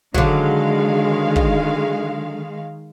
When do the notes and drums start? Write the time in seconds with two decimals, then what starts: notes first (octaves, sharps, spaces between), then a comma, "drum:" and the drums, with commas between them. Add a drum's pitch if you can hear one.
0.14 D3 D#3 F#3 G#3 F5, drum: kick
1.36 drum: kick